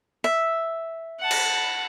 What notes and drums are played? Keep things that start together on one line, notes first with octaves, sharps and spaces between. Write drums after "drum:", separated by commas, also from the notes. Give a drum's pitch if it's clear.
E5
F#5 A5
drum: cymbal